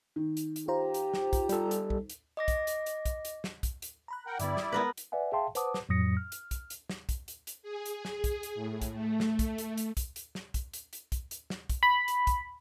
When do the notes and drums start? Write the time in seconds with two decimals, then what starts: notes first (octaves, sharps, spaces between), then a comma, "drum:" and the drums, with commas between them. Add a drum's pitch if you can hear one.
0.16 D#3
0.37 drum: hi-hat
0.56 drum: hi-hat
0.68 F4 G4 C5 A#5
0.94 drum: hi-hat
1.14 drum: snare
1.33 drum: kick, hi-hat
1.49 G3 A4, drum: hi-hat
1.71 drum: hi-hat
1.90 drum: kick
2.10 drum: hi-hat
2.37 D#5 D6 A#6
2.48 drum: kick, hi-hat
2.67 drum: hi-hat
2.86 drum: hi-hat
3.06 drum: kick, hi-hat
3.25 drum: hi-hat
3.44 drum: snare
3.63 drum: kick, hi-hat
3.82 drum: hi-hat
4.08 A#5 B5 F#6
4.27 A#4 F#5 G5
4.40 G2 D3 G3 B3 E4 D5, drum: hi-hat
4.57 D#6, drum: snare
4.72 G#3 B3 A#4 B4 F#6
4.98 drum: hi-hat
5.12 B4 D5 E5 F#5 G#5
5.32 G#4 E5 F5 G5 A5 C6
5.55 B4 C5 F#5 A5 D6 D#6, drum: hi-hat
5.74 drum: snare
5.89 F2 A2 F#3 D#6 A#6 C#7
6.17 F6
6.32 drum: hi-hat
6.51 drum: kick, hi-hat
6.70 drum: hi-hat
6.90 drum: snare
7.09 drum: kick, hi-hat
7.28 drum: hi-hat
7.47 drum: hi-hat
7.63 G#4
7.86 drum: hi-hat
8.05 drum: snare
8.24 drum: kick, hi-hat
8.43 drum: hi-hat
8.55 A2
8.82 drum: kick, hi-hat
8.93 A3
9.20 drum: snare
9.39 drum: kick, hi-hat
9.58 drum: hi-hat
9.78 drum: hi-hat
9.97 drum: kick, hi-hat
10.16 drum: hi-hat
10.35 drum: snare
10.54 drum: kick, hi-hat
10.74 drum: hi-hat
10.93 drum: hi-hat
11.12 drum: kick, hi-hat
11.31 drum: hi-hat
11.50 drum: snare
11.70 drum: kick, hi-hat
11.83 B5
12.08 drum: hi-hat
12.27 drum: kick, hi-hat